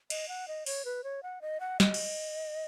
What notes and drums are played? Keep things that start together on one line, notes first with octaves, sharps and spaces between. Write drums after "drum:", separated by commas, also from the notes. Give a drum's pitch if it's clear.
D#5, drum: cymbal
F#5
D#5
C#5, drum: open hi-hat
B4
C#5
F#5
D#5
F#5
D#5, drum: snare
drum: cymbal